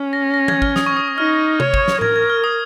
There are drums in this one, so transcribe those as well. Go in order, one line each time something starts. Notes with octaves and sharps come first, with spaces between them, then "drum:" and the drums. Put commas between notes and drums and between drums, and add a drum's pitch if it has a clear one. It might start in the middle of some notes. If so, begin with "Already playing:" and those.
Already playing: C#4
A#6
A#6
G#6, drum: tom E3
F6, drum: kick
D#6, drum: snare
C#6
D#6
D#6
D#4 F6
C#5, drum: tom C3
drum: kick
drum: snare
A#4 G#6, drum: tom A2
G#6
F6
D#6